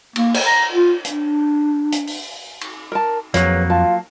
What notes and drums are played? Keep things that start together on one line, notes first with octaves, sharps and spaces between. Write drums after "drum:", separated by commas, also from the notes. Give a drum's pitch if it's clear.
A#3, drum: cymbal
drum: cymbal
A#5
F4
D4, drum: hi-hat
drum: hi-hat
drum: open hi-hat
drum: cymbal
A#4 A5
F2 F3 F#3 A#3 G#4 B4 C#5, drum: hi-hat
F4 A5